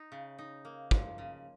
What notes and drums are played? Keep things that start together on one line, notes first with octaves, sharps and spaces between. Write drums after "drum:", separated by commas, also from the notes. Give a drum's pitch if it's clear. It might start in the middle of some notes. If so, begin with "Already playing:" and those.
Already playing: D#4
C#3
D#4
A#3
F3, drum: kick
C#3